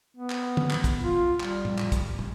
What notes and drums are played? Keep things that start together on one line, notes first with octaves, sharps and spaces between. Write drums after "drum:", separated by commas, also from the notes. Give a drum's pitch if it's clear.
B3
drum: clap
drum: tom
drum: clap
drum: kick, hi-hat
F4
G3, drum: clap
drum: tom
drum: clap
drum: kick, hi-hat
drum: tom